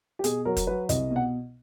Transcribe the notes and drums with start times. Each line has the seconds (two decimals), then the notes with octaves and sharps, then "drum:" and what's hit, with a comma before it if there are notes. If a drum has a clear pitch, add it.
0.19 G4
0.24 B2 G#4, drum: hi-hat
0.45 F#3 A#4
0.57 drum: kick, hi-hat
0.67 F#3 B4
0.89 C2 D#5, drum: hi-hat
1.11 B2
1.16 F#5